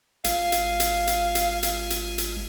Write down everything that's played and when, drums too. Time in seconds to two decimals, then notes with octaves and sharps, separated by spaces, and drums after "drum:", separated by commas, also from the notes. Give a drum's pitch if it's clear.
0.24 G#1 G#3 F4 F5, drum: hi-hat
0.52 drum: hi-hat
0.80 drum: hi-hat
1.07 drum: hi-hat
1.35 drum: hi-hat
1.63 drum: hi-hat
1.90 drum: hi-hat
2.18 drum: hi-hat